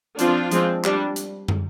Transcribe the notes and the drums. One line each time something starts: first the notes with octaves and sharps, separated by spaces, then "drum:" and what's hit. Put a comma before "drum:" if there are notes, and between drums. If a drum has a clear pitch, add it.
F3 C4 D4 F4, drum: hi-hat
F3 G#3 C4, drum: hi-hat
G3 D4, drum: clap
drum: hi-hat
drum: tom